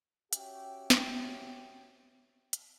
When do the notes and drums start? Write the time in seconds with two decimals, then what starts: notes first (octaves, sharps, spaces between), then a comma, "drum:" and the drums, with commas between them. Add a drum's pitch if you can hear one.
0.33 C#4 F#4 G4 C#5 E5 G5, drum: hi-hat
0.90 drum: snare
2.53 drum: hi-hat